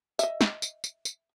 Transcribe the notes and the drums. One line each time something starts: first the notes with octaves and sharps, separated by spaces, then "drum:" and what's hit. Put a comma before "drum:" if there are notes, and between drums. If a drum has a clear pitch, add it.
D#5 E5, drum: tambourine
drum: snare
drum: tambourine
drum: tambourine
drum: tambourine